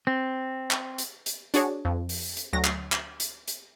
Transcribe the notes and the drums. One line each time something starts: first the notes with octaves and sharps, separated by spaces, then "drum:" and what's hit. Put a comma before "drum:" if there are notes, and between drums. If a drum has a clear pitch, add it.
C4
drum: clap
drum: hi-hat
drum: hi-hat
D4 F#4 G#4 C#5, drum: hi-hat
F2
drum: open hi-hat
drum: hi-hat
D2 F#3 A#6
drum: clap
drum: clap
drum: hi-hat
drum: hi-hat